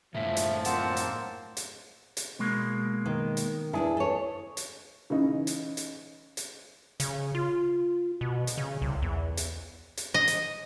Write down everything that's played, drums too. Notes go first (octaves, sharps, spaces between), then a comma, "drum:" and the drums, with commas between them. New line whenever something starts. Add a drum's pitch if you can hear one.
F#2 A2 C#3 F3 E5
drum: hi-hat
A#3 C4 F#5 A5, drum: hi-hat
drum: hi-hat
drum: hi-hat
drum: hi-hat
B2 G#3 A#3
D#3
drum: hi-hat
E2 D4 E4 G#4
A4 C#5
drum: hi-hat
C#3 E3 D#4
drum: hi-hat
drum: hi-hat
drum: hi-hat
C#3, drum: hi-hat
F4
B2
drum: hi-hat
C#3
C2
E2
drum: hi-hat
drum: hi-hat
D#5
drum: hi-hat